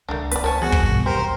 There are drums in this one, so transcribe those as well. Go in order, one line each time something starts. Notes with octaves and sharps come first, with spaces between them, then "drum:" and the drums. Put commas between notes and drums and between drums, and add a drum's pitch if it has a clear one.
C#2 D3 A3 A#3 D4
B3 C4 B4 D5, drum: hi-hat
C#2 A#4 C5 C#5 G#5 A5
E3 G3 B3 F#4 G#4
drum: kick
G2 B2
B1 E2 C3 G4 A#4 C5